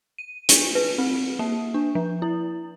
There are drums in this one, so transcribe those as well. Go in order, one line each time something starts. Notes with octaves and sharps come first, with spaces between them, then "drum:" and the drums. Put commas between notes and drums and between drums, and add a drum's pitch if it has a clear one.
D#7
D4, drum: hi-hat
B4
C4
A#3
D4
F3
E4